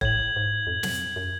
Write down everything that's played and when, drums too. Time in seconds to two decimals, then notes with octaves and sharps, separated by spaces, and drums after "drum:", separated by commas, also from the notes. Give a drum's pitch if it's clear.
0.01 A2 G#6 F#7, drum: kick F1
0.36 G#2
0.67 F2
0.83 drum: snare
1.16 F#2